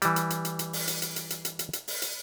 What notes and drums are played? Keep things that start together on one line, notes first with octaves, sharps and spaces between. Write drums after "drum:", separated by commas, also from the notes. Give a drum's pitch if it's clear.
E3 G3, drum: hi-hat
drum: hi-hat
drum: hi-hat
drum: hi-hat
drum: hi-hat
drum: open hi-hat
drum: hi-hat
drum: hi-hat
drum: hi-hat
drum: hi-hat
drum: hi-hat
drum: hi-hat
drum: hi-hat
drum: open hi-hat
drum: hi-hat